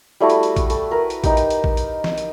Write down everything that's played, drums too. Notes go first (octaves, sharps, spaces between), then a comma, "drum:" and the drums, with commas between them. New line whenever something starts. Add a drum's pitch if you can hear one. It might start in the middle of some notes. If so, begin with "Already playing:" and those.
G3 A3 E4 F#4
drum: hi-hat
drum: hi-hat
drum: kick A#1, hi-hat
A4, drum: hi-hat
A#4 B4
drum: hi-hat
D#4 G4, drum: kick A#1, hi-hat
drum: hi-hat
drum: hi-hat
drum: kick A#1
drum: hi-hat
drum: snare
drum: hi-hat